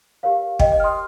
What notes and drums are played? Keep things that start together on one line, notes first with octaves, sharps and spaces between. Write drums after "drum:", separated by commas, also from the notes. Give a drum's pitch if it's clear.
G4 A#4 C#5 F5
D#5 G5, drum: kick
D#5 G5
F6
C6 D#6